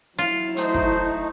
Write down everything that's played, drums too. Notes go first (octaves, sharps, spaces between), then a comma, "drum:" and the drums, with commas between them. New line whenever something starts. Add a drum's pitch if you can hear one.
F#3 E4 F4
A3 D#4 C5, drum: hi-hat
drum: kick